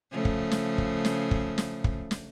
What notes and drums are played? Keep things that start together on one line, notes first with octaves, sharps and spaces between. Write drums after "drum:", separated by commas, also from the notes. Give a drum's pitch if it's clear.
C#3 F3 A3
drum: kick
drum: snare
drum: kick
drum: snare
drum: kick
drum: snare
drum: kick
drum: snare